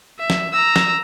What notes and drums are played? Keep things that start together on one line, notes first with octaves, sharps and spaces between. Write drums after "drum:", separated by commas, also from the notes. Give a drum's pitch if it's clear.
E5
drum: snare
A#5 E6
drum: snare